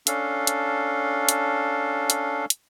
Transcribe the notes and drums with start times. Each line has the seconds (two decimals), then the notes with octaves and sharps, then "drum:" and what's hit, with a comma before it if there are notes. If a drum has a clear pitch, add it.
0.07 C#4 D4 A4 F5, drum: hi-hat
0.47 drum: hi-hat
1.29 drum: hi-hat
2.10 drum: hi-hat
2.50 drum: hi-hat